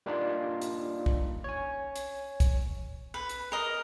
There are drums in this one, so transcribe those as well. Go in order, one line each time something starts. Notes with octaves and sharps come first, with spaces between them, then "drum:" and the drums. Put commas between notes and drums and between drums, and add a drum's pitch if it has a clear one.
G3 A#3 D4 D#4 F4
drum: hi-hat
drum: kick
C#5 G#5
drum: hi-hat
drum: kick, hi-hat
B4
drum: hi-hat
A#4 D#5